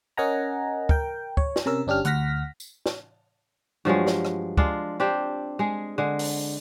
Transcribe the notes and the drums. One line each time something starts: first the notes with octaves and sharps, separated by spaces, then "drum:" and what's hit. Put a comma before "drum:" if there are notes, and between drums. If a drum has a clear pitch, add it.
C#4 A#4 D#5 F#5 G#5 A#5
A#4 G5, drum: kick
C#5, drum: kick
drum: snare
C3 C#4 A#4 E6
G1 C#4 D4 G4 F6
D2 F#5 F6 A#6 B6, drum: hi-hat
drum: tambourine
drum: snare
G2 F3 F#3 G#3
drum: snare
drum: rim click
G#3 D4 F4, drum: kick
C4 D4 G4
G#3 G#4
D3 G#3
drum: open hi-hat